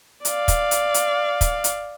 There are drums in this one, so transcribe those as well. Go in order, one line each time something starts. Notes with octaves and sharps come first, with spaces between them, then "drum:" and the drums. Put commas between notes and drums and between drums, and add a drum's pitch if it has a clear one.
D5 F5, drum: hi-hat
drum: kick, hi-hat
drum: hi-hat
drum: hi-hat
drum: kick, hi-hat
drum: hi-hat